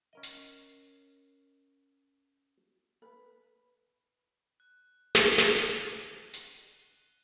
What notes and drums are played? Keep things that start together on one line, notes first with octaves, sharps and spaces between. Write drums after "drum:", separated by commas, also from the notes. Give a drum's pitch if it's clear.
C#4 A#4 D#5
drum: hi-hat
B4
F#6
drum: snare
D#7, drum: snare
G7, drum: hi-hat